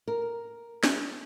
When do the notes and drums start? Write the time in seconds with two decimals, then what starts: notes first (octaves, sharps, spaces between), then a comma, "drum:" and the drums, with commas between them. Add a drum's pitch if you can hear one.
0.08 A#4
0.84 drum: snare